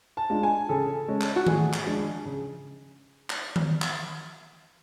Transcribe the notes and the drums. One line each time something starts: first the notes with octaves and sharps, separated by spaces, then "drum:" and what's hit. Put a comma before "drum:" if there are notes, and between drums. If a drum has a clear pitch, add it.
A5
G#3 D4 F4
G#5
C#3 A4
G#3 C#4
drum: clap
F#4
A2 G#4, drum: tom D#3
drum: clap
F3 G#3 D4
C#3
drum: clap
drum: tom D#3
drum: clap